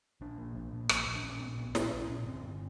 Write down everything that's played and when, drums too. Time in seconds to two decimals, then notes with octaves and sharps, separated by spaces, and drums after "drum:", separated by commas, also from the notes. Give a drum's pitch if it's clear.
0.21 A#1 D4
0.38 A#2
0.55 A#1
0.73 A#2
0.89 A#1, drum: rim click
1.07 A#2
1.15 D4
1.24 A#1 C#4
1.41 A#2 C4
1.58 A#1 B3
1.75 A#2 C#4, drum: snare
1.92 A#1
2.01 C#4
2.10 A#2
2.26 G1 C4
2.44 G1